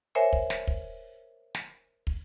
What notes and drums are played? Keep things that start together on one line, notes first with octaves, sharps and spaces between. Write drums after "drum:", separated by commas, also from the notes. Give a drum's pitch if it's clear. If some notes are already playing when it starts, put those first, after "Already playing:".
A#4 C5 C#5 E5 G#5
drum: kick
drum: snare
drum: kick
drum: snare
drum: kick